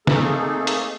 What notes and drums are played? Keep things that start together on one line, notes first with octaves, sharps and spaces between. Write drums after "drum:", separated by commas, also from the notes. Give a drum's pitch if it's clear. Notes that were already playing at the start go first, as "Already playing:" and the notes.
A3 A#3 C4 D#4 G#4 A4, drum: snare
drum: hi-hat